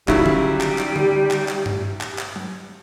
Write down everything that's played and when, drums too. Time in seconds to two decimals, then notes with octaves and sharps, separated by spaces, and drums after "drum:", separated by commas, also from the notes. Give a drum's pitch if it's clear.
0.08 C#3 F#3 G3 D#4 E4 G4, drum: clap
0.26 drum: tom D3
0.61 drum: clap
0.78 drum: clap
0.96 drum: tom D3
1.31 drum: clap
1.48 drum: clap
1.66 drum: tom G2
2.01 drum: clap
2.18 drum: clap
2.36 drum: tom F#3